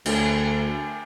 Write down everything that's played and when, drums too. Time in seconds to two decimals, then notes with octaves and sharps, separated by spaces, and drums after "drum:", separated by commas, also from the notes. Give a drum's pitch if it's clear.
0.06 D2, drum: cymbal